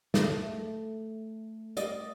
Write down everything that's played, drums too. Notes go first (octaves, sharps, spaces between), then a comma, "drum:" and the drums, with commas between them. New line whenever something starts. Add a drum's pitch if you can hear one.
A3, drum: snare
D5 D#5, drum: hi-hat